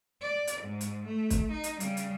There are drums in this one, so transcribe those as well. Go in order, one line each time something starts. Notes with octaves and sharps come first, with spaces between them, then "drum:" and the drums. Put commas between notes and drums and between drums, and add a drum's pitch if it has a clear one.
D5
drum: hi-hat
G#2
drum: hi-hat
A3
drum: kick, hi-hat
D#4
drum: hi-hat
C#3 G3, drum: hi-hat
drum: hi-hat